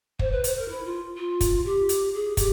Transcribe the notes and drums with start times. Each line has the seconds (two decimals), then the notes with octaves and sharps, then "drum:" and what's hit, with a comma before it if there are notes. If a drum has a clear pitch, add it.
0.19 C5, drum: kick
0.32 B4
0.44 C5, drum: hi-hat
0.56 A#4
0.68 E4
0.84 F4
1.17 F4
1.41 drum: kick, hi-hat
1.65 G4
1.89 drum: hi-hat
2.13 G#4
2.37 G4, drum: kick, hi-hat